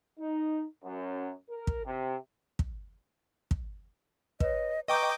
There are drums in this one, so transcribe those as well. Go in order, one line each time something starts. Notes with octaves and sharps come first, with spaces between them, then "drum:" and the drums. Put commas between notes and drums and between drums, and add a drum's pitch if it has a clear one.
D#4
F#2
A#4
drum: kick
C3
drum: kick
drum: kick
B4 C#5 D#5, drum: kick
B4 D#5 G5 A#5 C#6 D6 G6